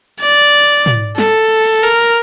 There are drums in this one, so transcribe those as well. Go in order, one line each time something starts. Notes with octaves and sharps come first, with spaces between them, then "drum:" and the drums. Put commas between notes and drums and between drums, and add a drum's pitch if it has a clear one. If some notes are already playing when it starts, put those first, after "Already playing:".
D5
drum: tom
A4, drum: snare
drum: cymbal
A#4